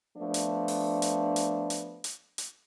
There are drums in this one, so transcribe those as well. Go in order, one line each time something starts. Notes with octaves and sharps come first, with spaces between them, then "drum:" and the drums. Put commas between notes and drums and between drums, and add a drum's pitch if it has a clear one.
F3 A3 B3 D4
drum: hi-hat
drum: open hi-hat
drum: hi-hat
drum: hi-hat
drum: hi-hat
drum: hi-hat
drum: hi-hat